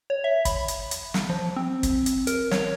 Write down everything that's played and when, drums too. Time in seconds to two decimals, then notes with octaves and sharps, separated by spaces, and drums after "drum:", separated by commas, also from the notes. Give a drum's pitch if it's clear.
0.10 C#5
0.24 E5
0.45 B5, drum: kick, hi-hat
0.68 drum: hi-hat
0.91 drum: hi-hat
1.14 drum: snare
1.29 F3
1.56 C4
1.83 drum: kick, hi-hat
2.06 drum: hi-hat
2.27 A#4, drum: hi-hat
2.51 C#5, drum: snare